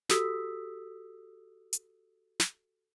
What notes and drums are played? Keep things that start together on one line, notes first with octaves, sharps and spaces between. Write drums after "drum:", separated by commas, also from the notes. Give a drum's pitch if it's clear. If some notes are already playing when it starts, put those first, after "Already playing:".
F#4 G4 A4 D#6 E6 B6, drum: snare
drum: hi-hat
drum: snare